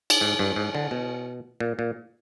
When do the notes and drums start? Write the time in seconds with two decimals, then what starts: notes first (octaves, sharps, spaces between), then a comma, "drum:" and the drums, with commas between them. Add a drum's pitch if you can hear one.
0.10 drum: cymbal
0.21 G#2
0.39 G2
0.56 G#2
0.75 D3
0.91 B2
1.60 A#2
1.79 A#2